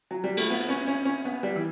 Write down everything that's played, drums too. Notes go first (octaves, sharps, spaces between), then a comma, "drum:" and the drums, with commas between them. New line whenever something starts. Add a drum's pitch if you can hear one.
F#3
G3
A3, drum: cymbal
B3
C#4
C#4
C#4
B3
G3
E3